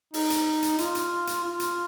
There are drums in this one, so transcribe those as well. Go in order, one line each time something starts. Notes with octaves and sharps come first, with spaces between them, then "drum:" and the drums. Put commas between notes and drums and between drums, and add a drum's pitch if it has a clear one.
D#4, drum: open hi-hat
drum: hi-hat
drum: hi-hat
F4, drum: hi-hat
drum: hi-hat
drum: hi-hat
F4
drum: hi-hat